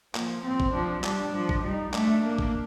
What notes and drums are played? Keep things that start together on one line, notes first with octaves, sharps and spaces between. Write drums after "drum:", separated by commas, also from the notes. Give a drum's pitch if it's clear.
F3 A#3, drum: clap
C4
drum: kick
F3 D4
G3 D4, drum: clap
F3
drum: kick
G3 D#4
A3 D4, drum: clap
A#3
drum: kick